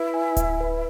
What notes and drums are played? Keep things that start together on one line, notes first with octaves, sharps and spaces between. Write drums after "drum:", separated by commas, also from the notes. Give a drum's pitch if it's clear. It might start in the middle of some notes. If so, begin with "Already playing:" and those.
Already playing: E4 B4
G#5
E5, drum: kick D1, hi-hat
B4